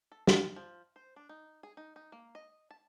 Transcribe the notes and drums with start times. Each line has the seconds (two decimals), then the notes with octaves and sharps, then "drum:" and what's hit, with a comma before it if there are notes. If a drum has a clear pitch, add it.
0.12 A4
0.27 F5, drum: snare
0.56 F3
0.96 C5
1.16 D4
1.29 D#4
1.63 G#4
1.77 D#4
1.96 D#4
2.12 A#3
2.35 D#5
2.71 A5